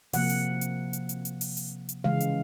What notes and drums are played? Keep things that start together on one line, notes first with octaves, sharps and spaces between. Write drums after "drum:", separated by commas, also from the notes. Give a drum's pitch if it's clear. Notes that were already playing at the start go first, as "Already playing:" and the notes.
C3 F3 A#3 F#5, drum: open hi-hat
drum: hi-hat
drum: hi-hat
drum: hi-hat
drum: hi-hat
drum: hi-hat
drum: open hi-hat
drum: hi-hat
drum: hi-hat
C#3 E3 G#3 F5
drum: hi-hat